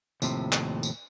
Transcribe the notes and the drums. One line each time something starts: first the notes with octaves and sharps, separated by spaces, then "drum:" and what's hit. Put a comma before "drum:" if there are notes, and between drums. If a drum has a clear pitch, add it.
D#2 A2 C3 F3, drum: tambourine
drum: clap
drum: tambourine